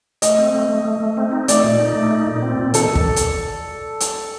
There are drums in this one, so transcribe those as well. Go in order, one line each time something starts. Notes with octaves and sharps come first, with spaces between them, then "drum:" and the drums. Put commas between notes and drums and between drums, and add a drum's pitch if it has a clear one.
A3 D#5, drum: hi-hat
C4
A3
A3
A3
A3
C4
D#4
A3 D5, drum: hi-hat
A#2
D#4
A3
D#4
A#2
C4
A#2
D#3 A4, drum: hi-hat
drum: kick
drum: hi-hat
drum: hi-hat